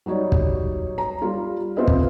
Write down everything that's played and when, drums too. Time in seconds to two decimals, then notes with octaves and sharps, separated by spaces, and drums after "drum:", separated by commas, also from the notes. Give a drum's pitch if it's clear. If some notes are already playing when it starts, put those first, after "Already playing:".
0.06 F#3 G3 D#4 C#5 D5
0.32 drum: kick
0.98 A#5
1.22 G3 F4
1.76 C4 F4 B4 D#5 E5
1.87 drum: kick